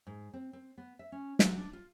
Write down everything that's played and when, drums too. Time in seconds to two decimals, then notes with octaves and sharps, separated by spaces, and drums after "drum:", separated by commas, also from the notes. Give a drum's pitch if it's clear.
0.07 G#2
0.34 C4
0.53 C4
0.78 B3
0.99 E5
1.12 C#4
1.39 F#3, drum: snare
1.58 D4
1.73 F4